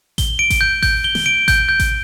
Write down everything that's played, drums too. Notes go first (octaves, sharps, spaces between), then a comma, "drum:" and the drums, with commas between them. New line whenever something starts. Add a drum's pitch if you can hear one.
G7, drum: kick A1, hi-hat
D7
drum: kick A1, hi-hat
G6
G6, drum: kick A1, open hi-hat
G7
drum: snare
D7
G6, drum: kick A1, hi-hat
G6
drum: kick A1, hi-hat